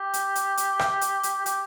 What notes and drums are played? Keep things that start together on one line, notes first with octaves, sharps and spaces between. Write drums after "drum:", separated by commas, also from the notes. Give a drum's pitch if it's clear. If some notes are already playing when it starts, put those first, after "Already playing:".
Already playing: G4
drum: hi-hat
drum: hi-hat
drum: hi-hat
drum: rim click
drum: hi-hat
drum: hi-hat
G4, drum: hi-hat